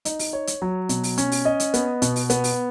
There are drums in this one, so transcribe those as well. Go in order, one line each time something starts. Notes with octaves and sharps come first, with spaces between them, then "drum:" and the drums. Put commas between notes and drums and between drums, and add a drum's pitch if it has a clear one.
D#4, drum: hi-hat
drum: open hi-hat
C#5
drum: hi-hat
F#3
B2, drum: hi-hat
drum: open hi-hat
C#4, drum: hi-hat
drum: open hi-hat
D#5
drum: hi-hat
B3, drum: hi-hat
B2, drum: hi-hat
drum: open hi-hat
B3, drum: hi-hat
drum: open hi-hat